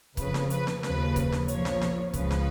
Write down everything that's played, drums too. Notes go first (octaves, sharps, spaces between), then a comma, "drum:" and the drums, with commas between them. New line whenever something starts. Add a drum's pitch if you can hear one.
F2 C#3 F3 B4, drum: kick, hi-hat
drum: snare
B4, drum: hi-hat
drum: snare
D#2 C#3 F3 B4, drum: snare
drum: kick, hi-hat
drum: snare
A#1 A#2 F3 C#5, drum: hi-hat
drum: snare
drum: snare
C#2 C#3 F3 B4, drum: kick, hi-hat
drum: snare